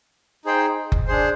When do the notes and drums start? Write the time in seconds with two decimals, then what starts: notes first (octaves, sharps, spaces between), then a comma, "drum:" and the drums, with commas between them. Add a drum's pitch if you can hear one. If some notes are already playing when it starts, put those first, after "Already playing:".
0.45 D#4 G#4 C5 G5
0.92 drum: kick F#1
1.07 D4 G#4 C5